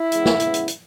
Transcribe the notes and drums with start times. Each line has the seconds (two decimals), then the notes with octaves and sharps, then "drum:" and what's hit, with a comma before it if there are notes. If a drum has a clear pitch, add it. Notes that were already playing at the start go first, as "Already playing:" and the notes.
Already playing: E4
0.12 C#3 E3 G#3 B3, drum: hi-hat
0.26 drum: snare
0.40 C#3 E3 G#3 B3, drum: hi-hat
0.54 drum: hi-hat
0.68 drum: hi-hat